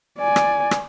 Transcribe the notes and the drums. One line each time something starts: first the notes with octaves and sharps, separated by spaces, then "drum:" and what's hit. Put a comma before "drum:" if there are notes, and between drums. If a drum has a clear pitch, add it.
D5 G#5
drum: rim click
drum: rim click